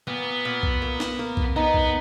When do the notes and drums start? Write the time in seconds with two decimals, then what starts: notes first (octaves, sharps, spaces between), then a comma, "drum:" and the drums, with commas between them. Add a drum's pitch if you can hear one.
0.07 A#2 B3
0.45 A#2
0.63 drum: kick B1
0.82 A#3
1.00 drum: snare
1.19 A#3
1.37 drum: kick B1
1.56 B3 D#4
1.74 drum: kick B1